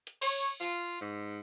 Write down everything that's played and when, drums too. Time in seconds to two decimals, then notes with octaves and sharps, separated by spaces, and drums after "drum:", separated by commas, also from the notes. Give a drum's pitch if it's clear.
0.07 drum: hi-hat
0.22 C#5, drum: cymbal
0.60 F4
1.00 G#2